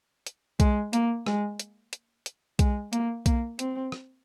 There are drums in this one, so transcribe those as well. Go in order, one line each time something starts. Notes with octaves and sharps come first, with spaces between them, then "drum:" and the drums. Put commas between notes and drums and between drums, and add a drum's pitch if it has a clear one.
drum: hi-hat
G#3, drum: kick B1, hi-hat
A#3, drum: hi-hat
G#3, drum: rim click
drum: hi-hat
drum: hi-hat
drum: hi-hat
G#3, drum: kick B1, hi-hat
A#3, drum: hi-hat
A#3, drum: kick B1, hi-hat
C4, drum: hi-hat
drum: rim click